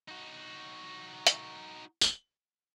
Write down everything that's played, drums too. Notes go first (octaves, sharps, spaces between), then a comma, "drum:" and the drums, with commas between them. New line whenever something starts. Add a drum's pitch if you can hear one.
D#4 F#4
drum: hi-hat
drum: tambourine